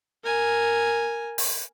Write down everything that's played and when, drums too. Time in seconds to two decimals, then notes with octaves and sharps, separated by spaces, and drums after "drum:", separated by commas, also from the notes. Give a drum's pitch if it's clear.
0.23 A#4 G#5
1.38 drum: open hi-hat